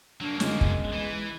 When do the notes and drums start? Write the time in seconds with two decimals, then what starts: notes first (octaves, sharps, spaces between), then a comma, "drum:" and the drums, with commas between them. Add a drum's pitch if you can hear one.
0.21 F#3 A#3 D4
0.40 G1 G#3 C#4, drum: snare
0.61 drum: kick
0.93 E3